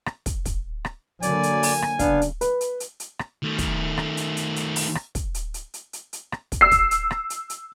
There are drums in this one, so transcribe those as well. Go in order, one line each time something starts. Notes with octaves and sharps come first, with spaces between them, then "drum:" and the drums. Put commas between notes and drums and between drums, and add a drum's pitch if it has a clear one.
drum: rim click
drum: kick, hi-hat
drum: kick, hi-hat
drum: rim click
D3 F#3 A#3 D5 G#5, drum: hi-hat
drum: hi-hat
drum: open hi-hat
drum: rim click
C#3 B3 D4 F5, drum: kick, hi-hat
drum: hi-hat
B4, drum: hi-hat
drum: hi-hat
drum: hi-hat
drum: hi-hat
drum: rim click
D#3 A3
drum: kick, hi-hat
drum: rim click
drum: hi-hat
drum: hi-hat
drum: hi-hat
drum: open hi-hat
drum: rim click
drum: kick, hi-hat
drum: hi-hat
drum: hi-hat
drum: hi-hat
drum: hi-hat
drum: hi-hat
drum: rim click
drum: kick, hi-hat
E6 C7
drum: kick, hi-hat
drum: hi-hat
drum: rim click
drum: hi-hat
drum: hi-hat